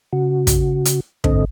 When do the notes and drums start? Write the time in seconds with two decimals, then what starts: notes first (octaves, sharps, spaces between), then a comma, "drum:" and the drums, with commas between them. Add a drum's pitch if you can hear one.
0.13 C#3 F#4
0.47 drum: kick, hi-hat
0.85 drum: hi-hat
1.24 G#2 D3 C4 A4 D#5, drum: kick